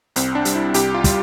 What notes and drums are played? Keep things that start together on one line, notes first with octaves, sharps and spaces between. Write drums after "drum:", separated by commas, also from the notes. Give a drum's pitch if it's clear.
C2 C4, drum: hi-hat
D4
G3, drum: hi-hat
E4
C2 G4, drum: hi-hat
F4
G3, drum: kick, hi-hat